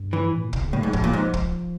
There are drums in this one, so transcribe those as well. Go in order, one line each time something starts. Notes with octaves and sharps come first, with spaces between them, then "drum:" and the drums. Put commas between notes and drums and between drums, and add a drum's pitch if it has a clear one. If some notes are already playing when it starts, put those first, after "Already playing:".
Already playing: G2
E3
A2
A#2
B2, drum: kick
C#3
A2 F#3
G#2
A2 F3, drum: kick
A#2
G#2
drum: kick